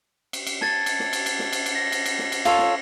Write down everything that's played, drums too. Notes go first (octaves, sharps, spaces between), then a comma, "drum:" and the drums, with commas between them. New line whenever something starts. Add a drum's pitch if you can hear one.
drum: cymbal
drum: cymbal
A5 G#6 A6, drum: snare
drum: cymbal
drum: snare
drum: cymbal
drum: cymbal
drum: snare
drum: cymbal
drum: cymbal
A#6
drum: cymbal
drum: cymbal
drum: snare
drum: cymbal
F4 A4 C#5, drum: cymbal
drum: snare